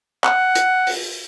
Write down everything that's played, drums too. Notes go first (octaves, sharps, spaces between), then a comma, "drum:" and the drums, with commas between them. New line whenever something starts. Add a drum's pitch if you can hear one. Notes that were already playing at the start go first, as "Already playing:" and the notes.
F#5, drum: clap
drum: hi-hat
drum: open hi-hat